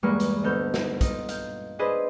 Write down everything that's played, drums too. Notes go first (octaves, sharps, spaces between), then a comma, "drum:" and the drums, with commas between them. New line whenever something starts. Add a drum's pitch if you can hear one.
E2 G2 G#3 A#3 C#6 F6
drum: hi-hat
D2 B3 D#4 A4 F6 G6
drum: snare
D#4 F4, drum: kick, hi-hat
F5 G6, drum: hi-hat
D4 E4 G#4 B4 C5 D#5